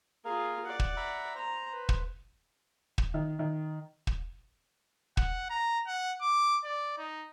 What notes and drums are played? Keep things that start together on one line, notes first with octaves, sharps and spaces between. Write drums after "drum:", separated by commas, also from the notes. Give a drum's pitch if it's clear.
A#3 F4 G#4 A#4 F5
D5 F#5
drum: kick
E5 A#5 B5
C5 A#5
B4
drum: kick
drum: kick
D#3
D#3
drum: kick
F#5, drum: kick
A#5
F#5
D6
D5
D#4